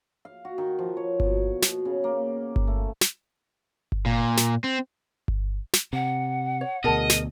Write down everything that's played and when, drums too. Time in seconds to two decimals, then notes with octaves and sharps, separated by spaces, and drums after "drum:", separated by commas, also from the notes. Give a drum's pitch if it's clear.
0.25 F5
0.45 F#4
0.58 D#3
0.79 F3
0.97 C#5
1.20 B2, drum: kick G1
1.62 B2, drum: snare
1.85 C#3
2.04 A#3
2.56 drum: kick G1
2.67 A3
3.01 drum: snare
3.92 drum: kick G1
4.06 A#2
4.37 drum: snare
4.64 C4
5.28 drum: kick G1
5.73 drum: snare
5.93 C3 F#5
6.61 C#5
6.84 D2 B2 G#4 A#4 D#5 A5
7.10 drum: snare